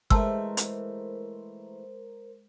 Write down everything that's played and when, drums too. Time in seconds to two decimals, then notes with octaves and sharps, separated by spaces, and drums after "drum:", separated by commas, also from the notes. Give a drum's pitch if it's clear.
0.10 E3 G#3 A3 A#4 C5 A5 E6, drum: kick G1
0.57 drum: hi-hat